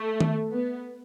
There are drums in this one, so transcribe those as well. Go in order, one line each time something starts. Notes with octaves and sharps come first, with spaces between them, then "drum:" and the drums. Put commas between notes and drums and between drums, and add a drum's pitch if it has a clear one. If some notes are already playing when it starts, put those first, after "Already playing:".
Already playing: A3
drum: tom D#3
B3